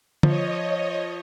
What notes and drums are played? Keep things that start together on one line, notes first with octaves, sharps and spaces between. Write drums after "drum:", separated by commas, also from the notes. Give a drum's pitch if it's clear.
F3 C#5 D#5, drum: tom D3